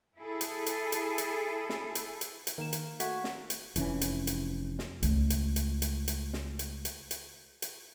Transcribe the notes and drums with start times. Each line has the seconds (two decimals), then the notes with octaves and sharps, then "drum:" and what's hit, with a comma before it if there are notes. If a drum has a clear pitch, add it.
0.19 E4 G#4 A4
0.41 drum: hi-hat
0.66 drum: hi-hat
0.92 drum: hi-hat
1.18 drum: hi-hat
1.69 drum: snare
1.95 drum: hi-hat
2.21 drum: hi-hat
2.47 drum: hi-hat
2.58 D#3 A#3 E7
2.73 drum: hi-hat
3.00 A3 F#4 F#5 G#6 B6, drum: hi-hat
3.24 drum: snare
3.50 drum: hi-hat
3.76 F1 E3 C4 C#4, drum: hi-hat
4.01 drum: hi-hat
4.27 drum: hi-hat
4.79 drum: snare
5.03 C#2 A3, drum: hi-hat
5.30 drum: hi-hat
5.56 drum: hi-hat
5.82 drum: hi-hat
6.08 drum: hi-hat
6.33 drum: snare
6.59 drum: hi-hat
6.85 drum: hi-hat
7.11 drum: hi-hat
7.62 drum: hi-hat